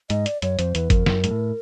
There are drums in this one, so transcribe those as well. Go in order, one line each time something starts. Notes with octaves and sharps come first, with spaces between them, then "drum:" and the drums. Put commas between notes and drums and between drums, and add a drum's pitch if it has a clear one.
G#2 D#5, drum: hi-hat
D5, drum: hi-hat
F#2 C#5, drum: hi-hat
F2 C5, drum: hi-hat
E2 B4, drum: hi-hat
F2 A#4, drum: kick, hi-hat
F#2, drum: snare
G#2, drum: hi-hat
A2